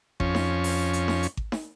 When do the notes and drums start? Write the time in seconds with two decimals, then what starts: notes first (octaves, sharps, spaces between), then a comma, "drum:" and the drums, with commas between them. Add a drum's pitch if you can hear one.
0.20 F2 C#4, drum: kick G#1
0.35 drum: snare D#4
0.64 drum: open hi-hat
0.93 drum: hi-hat
1.08 drum: snare D#4
1.23 drum: hi-hat
1.37 drum: kick G#1
1.52 drum: snare D#4